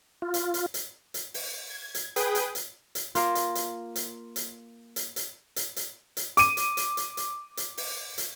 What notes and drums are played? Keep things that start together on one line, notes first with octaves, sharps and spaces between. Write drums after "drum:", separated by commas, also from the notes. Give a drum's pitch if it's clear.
F4
drum: hi-hat
drum: hi-hat
drum: hi-hat
drum: hi-hat
drum: open hi-hat
G#6
drum: hi-hat
G#4 B4 G5 D#6, drum: hi-hat
drum: hi-hat
drum: hi-hat
drum: hi-hat
A#3 F4, drum: hi-hat
drum: hi-hat
drum: hi-hat
drum: hi-hat
drum: hi-hat
drum: hi-hat
drum: hi-hat
drum: hi-hat
drum: hi-hat
drum: hi-hat
D6 D#7, drum: hi-hat
drum: hi-hat
drum: hi-hat
drum: hi-hat
drum: hi-hat
drum: hi-hat
drum: open hi-hat
drum: hi-hat